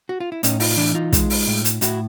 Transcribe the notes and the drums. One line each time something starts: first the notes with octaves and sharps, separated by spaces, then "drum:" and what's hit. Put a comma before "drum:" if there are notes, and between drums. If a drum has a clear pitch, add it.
F#4
F4
E4
A2 C#4 D#4, drum: hi-hat
D#4 F4, drum: open hi-hat
E3 D4 E4
D#4 F4
G#3, drum: kick, hi-hat
drum: open hi-hat
A2
drum: hi-hat
A2 E4 F#4, drum: hi-hat